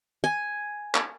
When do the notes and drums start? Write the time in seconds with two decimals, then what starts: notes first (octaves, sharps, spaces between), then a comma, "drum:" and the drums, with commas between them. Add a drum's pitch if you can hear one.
0.24 G#5
0.95 drum: clap